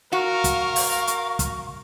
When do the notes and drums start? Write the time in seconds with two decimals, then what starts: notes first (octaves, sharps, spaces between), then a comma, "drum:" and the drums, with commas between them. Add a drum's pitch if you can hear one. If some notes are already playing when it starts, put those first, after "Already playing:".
0.13 F#4 A#4 F5 C#6
0.44 drum: kick, hi-hat
0.76 drum: open hi-hat
1.07 drum: hi-hat
1.39 drum: kick, hi-hat